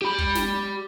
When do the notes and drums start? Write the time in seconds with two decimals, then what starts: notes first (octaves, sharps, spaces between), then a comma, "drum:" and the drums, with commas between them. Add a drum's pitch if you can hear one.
0.02 G4 B5
0.18 drum: kick
0.35 drum: snare